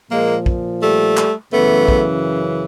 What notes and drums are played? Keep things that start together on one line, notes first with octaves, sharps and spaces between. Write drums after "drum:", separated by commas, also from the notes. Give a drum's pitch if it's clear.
A#2 F3 G#3 A#3
drum: kick
G3 A3
drum: clap
F#2 C#3 E3 A3 B3
drum: kick